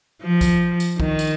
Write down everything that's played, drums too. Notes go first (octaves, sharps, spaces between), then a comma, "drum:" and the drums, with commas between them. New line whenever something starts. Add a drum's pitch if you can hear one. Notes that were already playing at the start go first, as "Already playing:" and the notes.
F3
drum: kick, tambourine
drum: tambourine
D#3, drum: kick
drum: tambourine